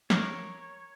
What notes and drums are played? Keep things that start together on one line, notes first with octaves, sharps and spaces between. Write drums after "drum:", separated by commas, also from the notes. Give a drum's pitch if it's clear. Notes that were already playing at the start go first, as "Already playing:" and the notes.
A#4 C#5, drum: snare